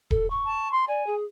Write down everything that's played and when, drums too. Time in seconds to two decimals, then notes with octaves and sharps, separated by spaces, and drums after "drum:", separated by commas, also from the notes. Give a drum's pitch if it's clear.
0.11 A4, drum: kick D#1
0.30 C#6
0.45 A5
0.72 C6
0.88 D5 G#5
1.06 G#4